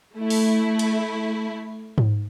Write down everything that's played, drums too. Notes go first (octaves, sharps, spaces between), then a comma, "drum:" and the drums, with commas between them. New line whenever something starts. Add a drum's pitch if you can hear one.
A3 E4
drum: open hi-hat
drum: cymbal
drum: tom G#2